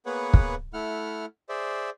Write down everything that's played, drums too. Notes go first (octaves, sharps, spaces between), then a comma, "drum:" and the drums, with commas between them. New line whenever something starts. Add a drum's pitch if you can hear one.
A#3 B3 G#4 B4 C#5 F#5
drum: kick
A3 E4 F#5 F6
G#4 C5 D5 E5